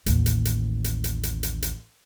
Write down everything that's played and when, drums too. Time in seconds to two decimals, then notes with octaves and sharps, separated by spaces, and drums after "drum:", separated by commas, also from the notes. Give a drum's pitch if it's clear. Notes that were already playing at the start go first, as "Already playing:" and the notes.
0.06 A1 D#2, drum: hi-hat
0.26 drum: hi-hat
0.45 drum: hi-hat
0.84 drum: hi-hat
1.04 drum: hi-hat
1.23 drum: hi-hat
1.43 drum: hi-hat
1.62 drum: hi-hat